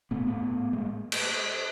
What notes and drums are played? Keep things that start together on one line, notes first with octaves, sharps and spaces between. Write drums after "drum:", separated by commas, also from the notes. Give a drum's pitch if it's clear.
A2 A3 B3
A3 B3
A2
A2 G#3 A#3
drum: cymbal